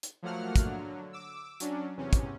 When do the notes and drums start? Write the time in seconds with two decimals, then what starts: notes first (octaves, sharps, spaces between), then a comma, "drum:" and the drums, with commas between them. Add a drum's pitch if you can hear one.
0.03 drum: hi-hat
0.22 F3 F#3 A3 A#3 F#5 F6
0.56 drum: kick, hi-hat
0.66 D3 F#3
1.13 D6 E6
1.60 F#3 C#4 D4, drum: hi-hat
1.97 E2 C3 C#4
2.13 drum: kick, hi-hat